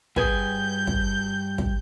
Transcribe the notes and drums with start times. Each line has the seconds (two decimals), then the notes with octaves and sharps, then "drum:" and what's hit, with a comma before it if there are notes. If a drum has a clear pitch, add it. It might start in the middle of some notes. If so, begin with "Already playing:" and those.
0.16 G2 G#4 B4 G#5 G6, drum: kick
0.87 drum: kick
1.58 drum: kick